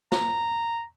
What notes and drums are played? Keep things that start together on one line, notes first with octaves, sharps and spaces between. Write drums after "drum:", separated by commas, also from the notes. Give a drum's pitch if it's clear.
A#5, drum: snare